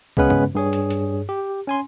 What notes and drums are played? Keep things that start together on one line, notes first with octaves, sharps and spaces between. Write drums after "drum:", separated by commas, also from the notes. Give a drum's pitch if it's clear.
C#3 G#3 B3 C#4 B4, drum: kick
drum: tom G2
G2 G#4 C#5
drum: hi-hat
drum: hi-hat
G4
C#4 G#5 C6